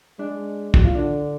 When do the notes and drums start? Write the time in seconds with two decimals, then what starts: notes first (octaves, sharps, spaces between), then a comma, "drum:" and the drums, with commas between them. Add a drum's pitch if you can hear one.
0.19 G#3 D4
0.74 F#4, drum: kick
0.85 F4
0.95 D3 D4